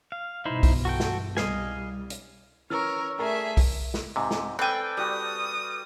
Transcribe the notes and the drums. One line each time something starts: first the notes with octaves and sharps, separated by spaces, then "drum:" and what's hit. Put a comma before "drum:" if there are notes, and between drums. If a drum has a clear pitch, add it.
F5
G2 B2 E3 D#4 E4 C5
drum: kick B1, open hi-hat
F#4 A4 G5
drum: snare
C2 G3 D#5 F5 G#5, drum: snare
drum: hi-hat
E3 C#4 A#4 C#5 C#6 E6 F6
A3 G#4 A#4 D5 E5 A#5
drum: kick B1, open hi-hat
drum: snare
G#2 C3
drum: snare
C4 A4 B4 D5 G5 G#5
G3 F#4 D#6